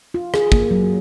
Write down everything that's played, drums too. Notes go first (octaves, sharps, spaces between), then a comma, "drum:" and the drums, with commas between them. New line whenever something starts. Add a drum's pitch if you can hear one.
F4
G#4, drum: rim click
A#3, drum: kick
F#3